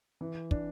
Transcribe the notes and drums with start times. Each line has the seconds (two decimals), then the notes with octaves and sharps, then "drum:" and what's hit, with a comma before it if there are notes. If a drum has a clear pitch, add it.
0.21 E3
0.51 D4, drum: kick